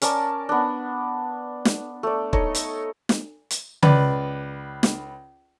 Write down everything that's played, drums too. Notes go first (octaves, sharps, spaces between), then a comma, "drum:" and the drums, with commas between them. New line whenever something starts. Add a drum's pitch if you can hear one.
C#4 A#4 D5 A5, drum: hi-hat
B3 D4
drum: snare
A3 D5
D#4 A4 C#5 D#5, drum: kick
drum: hi-hat
drum: snare
drum: hi-hat
C#2 B4 D5, drum: tom C#3
drum: snare